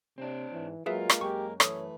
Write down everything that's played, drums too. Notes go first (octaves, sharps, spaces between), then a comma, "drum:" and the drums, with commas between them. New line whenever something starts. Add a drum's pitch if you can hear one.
C3 C4 D4
G#2 E3
F#3 G#3 A#3 F4 G#4 A#4 B4 E5
drum: rim click
F#2 G4 C#6
E3 A3 A4 B4 C#5 D#6, drum: rim click